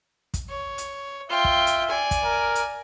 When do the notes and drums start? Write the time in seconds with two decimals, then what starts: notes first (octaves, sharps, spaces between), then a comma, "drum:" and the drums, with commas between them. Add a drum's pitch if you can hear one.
0.34 drum: kick, hi-hat
0.49 C#5
0.78 drum: hi-hat
1.29 F4 E5 G5
1.44 drum: kick
1.67 drum: hi-hat
1.89 D5 G#5
2.11 drum: kick, hi-hat
2.25 A#4
2.55 drum: hi-hat